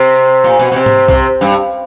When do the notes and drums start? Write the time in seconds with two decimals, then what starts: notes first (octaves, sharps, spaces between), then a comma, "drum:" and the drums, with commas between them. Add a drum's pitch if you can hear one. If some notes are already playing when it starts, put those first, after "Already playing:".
Already playing: C3
0.44 A#2
0.59 B2
0.72 B2
0.76 C3
0.86 drum: tom G#2
1.08 C3, drum: kick B1
1.41 G2